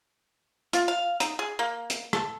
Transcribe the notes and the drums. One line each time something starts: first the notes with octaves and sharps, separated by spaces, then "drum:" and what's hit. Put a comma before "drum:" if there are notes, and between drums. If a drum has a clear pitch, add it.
F4, drum: hi-hat
F5
D#4, drum: hi-hat
G#4
A#3
drum: hi-hat
A4, drum: rim click